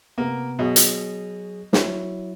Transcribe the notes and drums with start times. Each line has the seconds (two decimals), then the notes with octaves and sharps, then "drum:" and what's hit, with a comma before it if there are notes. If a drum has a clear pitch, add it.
0.18 C3 A#3 B3
0.59 B2 F#3 G#4
0.76 drum: hi-hat
1.73 F#3 E4, drum: snare